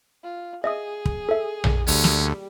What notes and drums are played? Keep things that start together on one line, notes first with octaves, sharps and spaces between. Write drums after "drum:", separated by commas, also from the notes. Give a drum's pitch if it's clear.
F4
G#4 D#5 E5 D#6
drum: kick
A4 E5
drum: tom A#1
D2 G3 C#4, drum: open hi-hat
drum: snare